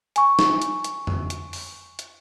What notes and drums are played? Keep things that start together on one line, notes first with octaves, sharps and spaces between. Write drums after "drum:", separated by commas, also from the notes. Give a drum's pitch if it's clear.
G#5 C#6, drum: hi-hat
drum: snare
drum: hi-hat
drum: hi-hat
drum: tom F2
drum: hi-hat
drum: open hi-hat
drum: hi-hat